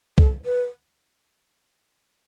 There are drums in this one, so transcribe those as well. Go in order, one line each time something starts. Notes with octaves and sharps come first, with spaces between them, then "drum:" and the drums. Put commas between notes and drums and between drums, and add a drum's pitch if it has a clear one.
A4, drum: kick C2
B4